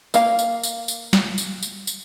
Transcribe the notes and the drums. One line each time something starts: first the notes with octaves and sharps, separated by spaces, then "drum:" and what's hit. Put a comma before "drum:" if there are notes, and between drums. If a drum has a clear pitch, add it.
A#3 F5, drum: tambourine
drum: tambourine
drum: tambourine
drum: tambourine
drum: snare
drum: tambourine
drum: tambourine
drum: tambourine